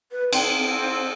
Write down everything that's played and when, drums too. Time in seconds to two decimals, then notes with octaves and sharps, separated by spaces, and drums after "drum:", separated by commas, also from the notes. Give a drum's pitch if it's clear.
0.12 B4
0.33 C4 G5 C6, drum: cymbal
0.58 C4